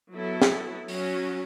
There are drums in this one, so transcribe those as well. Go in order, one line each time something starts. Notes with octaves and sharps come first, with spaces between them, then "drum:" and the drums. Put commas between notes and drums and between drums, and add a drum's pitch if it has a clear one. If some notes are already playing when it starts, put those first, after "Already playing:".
F#3 B3 E4 A4
drum: snare
F#3 C#4 F#4, drum: open hi-hat